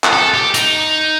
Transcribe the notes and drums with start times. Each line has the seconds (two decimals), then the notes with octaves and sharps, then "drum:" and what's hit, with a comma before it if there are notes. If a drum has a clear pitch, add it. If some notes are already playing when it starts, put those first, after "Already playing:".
0.04 drum: clap
0.13 A4
0.34 G4
0.54 D#4, drum: hi-hat